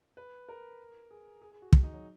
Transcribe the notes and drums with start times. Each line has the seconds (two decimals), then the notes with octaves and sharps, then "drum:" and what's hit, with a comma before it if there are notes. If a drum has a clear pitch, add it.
0.17 B4
0.48 A#4
1.11 G#4
1.42 G#4
1.52 G#4
1.62 F#4
1.73 drum: kick
1.83 D#4
1.93 F#3